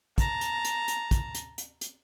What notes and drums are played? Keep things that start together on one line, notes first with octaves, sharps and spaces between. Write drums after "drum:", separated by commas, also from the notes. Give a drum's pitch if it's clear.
A5 A#5, drum: kick, hi-hat
drum: hi-hat
drum: hi-hat
drum: hi-hat
drum: kick, hi-hat
drum: hi-hat
drum: hi-hat
drum: hi-hat